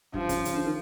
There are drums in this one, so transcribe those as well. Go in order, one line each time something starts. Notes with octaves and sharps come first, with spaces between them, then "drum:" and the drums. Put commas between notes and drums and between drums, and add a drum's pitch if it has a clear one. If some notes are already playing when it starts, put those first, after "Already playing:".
G2 F3, drum: kick
C#3, drum: kick, hi-hat
C#3, drum: hi-hat
D3
D#3